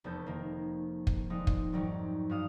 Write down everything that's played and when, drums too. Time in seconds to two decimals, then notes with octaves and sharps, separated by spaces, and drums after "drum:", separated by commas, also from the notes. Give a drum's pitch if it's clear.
0.04 F1 E2 A3 A5 G6
0.26 D#3 A#3
1.07 drum: kick
1.30 F3 G3 G#3 D#4
1.47 drum: kick
1.72 F2 G#2 D#3 F#3 G3
2.29 G2 A3 F#4 F5 D#6 F6